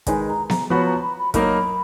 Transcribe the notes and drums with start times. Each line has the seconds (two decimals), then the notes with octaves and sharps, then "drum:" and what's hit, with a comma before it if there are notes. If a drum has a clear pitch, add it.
0.07 D#3 G#3 D#4 G#4 B4 G#5, drum: kick, hi-hat
0.21 G#5
0.28 A#5
0.50 A#5, drum: snare B3
0.70 F3 B3 F#4 C#5 B5
0.86 A#5
1.01 B5
1.18 B5
1.34 F#3 A#3 D#4 A#4 B5, drum: kick, hi-hat